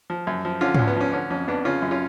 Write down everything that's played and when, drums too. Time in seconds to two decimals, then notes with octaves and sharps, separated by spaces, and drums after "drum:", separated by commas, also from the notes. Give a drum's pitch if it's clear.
0.10 F3
0.27 F#2
0.45 F3
0.61 D3 C#4 F4
0.75 D2 C#4, drum: tom
0.87 B3
0.96 F3 C#4
1.13 D3 C#4
1.30 F2 C#4
1.47 F2 B3 D4
1.65 C#3 C#4 F4
1.82 F#2
1.91 C#4 F4